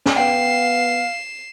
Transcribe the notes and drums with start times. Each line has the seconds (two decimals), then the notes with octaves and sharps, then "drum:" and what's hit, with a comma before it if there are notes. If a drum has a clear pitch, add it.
0.06 drum: snare
0.16 B3 F5 G5 C7 E7